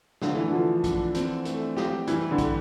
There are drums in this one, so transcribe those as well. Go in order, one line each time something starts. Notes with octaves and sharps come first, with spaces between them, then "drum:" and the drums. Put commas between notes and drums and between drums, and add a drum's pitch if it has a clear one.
D3 A3, drum: snare
E3
D3 F3
D4, drum: kick, hi-hat
C4, drum: hi-hat
A3, drum: hi-hat
G4, drum: snare
E3 G3, drum: hi-hat
D3
E3, drum: kick, hi-hat